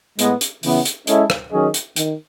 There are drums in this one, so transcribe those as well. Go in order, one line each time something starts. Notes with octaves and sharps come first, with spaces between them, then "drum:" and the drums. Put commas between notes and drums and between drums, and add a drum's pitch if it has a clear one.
A2 G#3 B3, drum: hi-hat
drum: hi-hat
C#3 E3 B3 E4, drum: open hi-hat
drum: hi-hat
G#3 C#4 E4 A4 D#5, drum: hi-hat
drum: rim click
D#3 F#3 C#4 G#4 D#5
drum: hi-hat
D#3, drum: hi-hat